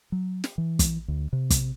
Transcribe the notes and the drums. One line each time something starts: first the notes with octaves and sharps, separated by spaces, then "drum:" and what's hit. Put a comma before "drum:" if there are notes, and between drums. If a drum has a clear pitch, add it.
F#3
drum: snare
E3
drum: kick, hi-hat
D2
C3
drum: kick, hi-hat